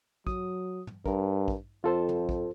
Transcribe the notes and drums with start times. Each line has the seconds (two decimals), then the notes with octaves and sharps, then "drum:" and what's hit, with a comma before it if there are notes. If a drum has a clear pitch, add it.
0.27 F#3 D#6, drum: kick
0.87 drum: tom
1.06 G2 A#4, drum: kick
1.48 drum: kick
1.84 F2 F4 A4 C5
2.09 drum: tom
2.29 drum: kick